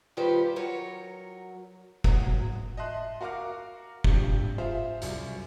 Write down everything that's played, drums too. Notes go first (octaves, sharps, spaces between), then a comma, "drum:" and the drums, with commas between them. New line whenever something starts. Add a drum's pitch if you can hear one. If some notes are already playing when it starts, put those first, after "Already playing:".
D#3 G3 F4 G4 B4 C5
F#3 A#4 C#5
F#3 G#3, drum: kick F1
D#5 E5 A5 C6 F#6
F#4 A#4 F5 A#5 D6 F6
G2 C3 F3, drum: kick F1
F4 G#4 C5 E5 F5
C2 F#2, drum: hi-hat